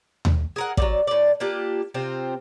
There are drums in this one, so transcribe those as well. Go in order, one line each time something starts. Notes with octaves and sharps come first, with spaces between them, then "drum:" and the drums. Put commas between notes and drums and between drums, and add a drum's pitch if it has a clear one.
drum: tom D#2
G#4 A#4 F#5
F#3 G3 D5, drum: kick
A2 D5
A#3 D4 F4 G4
C3 C4 F4